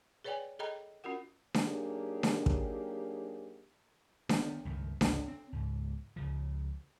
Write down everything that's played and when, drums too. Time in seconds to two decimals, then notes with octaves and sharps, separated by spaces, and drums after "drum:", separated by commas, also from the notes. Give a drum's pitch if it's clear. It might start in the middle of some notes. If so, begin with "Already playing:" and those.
0.24 G#4 B4 C#5 D5 G5 G#5
0.59 G#4 A4 D#5 G5 A#5 B5
1.04 C#4 F4 F#4 A#4 F#5
1.54 drum: snare D4
1.64 F#3 A#3 D4 D#4 G4 G#4
2.23 drum: snare D4
2.46 drum: kick
4.29 D#3 B3, drum: snare D4
4.65 C#2 G2 D#3 A3
5.01 G#1 C#2 C3 E3, drum: snare D4
5.28 C4
5.53 C#2 G#2
6.16 C#2 C#3 F3